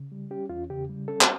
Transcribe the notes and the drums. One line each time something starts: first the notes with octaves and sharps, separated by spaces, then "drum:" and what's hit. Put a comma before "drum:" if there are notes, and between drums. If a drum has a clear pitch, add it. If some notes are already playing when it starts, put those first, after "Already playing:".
Already playing: C#3
G3
C#4 G4
E2 F4
C#3 G4
G3
C#4 A4
drum: clap